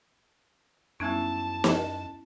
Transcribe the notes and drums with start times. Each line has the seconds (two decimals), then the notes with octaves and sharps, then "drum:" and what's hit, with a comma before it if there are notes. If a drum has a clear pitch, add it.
1.00 F#2 G3 B3 C#4 D#4 E4 A5
1.64 drum: snare